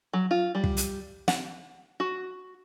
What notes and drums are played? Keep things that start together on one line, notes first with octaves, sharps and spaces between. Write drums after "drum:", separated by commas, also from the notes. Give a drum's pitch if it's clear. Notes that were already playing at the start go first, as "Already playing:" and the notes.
F#3
F4
G3
drum: kick
drum: hi-hat
F#5, drum: snare
F#4